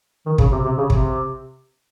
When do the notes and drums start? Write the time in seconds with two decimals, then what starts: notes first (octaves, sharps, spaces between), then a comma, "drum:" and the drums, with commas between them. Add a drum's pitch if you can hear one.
0.26 D#3
0.38 C#3, drum: kick
0.52 C3
0.64 C3
0.77 C#3
0.90 C3, drum: kick